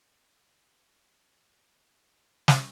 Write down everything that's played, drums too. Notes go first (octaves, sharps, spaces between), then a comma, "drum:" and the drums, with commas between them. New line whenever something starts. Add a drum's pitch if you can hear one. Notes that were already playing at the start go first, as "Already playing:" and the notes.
A#2 E3
A#4 B4 B5
drum: snare